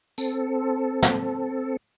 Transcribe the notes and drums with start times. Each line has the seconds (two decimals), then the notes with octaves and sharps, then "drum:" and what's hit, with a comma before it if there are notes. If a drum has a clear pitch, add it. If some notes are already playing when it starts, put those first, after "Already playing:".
0.18 C4 A4, drum: tambourine
1.03 drum: snare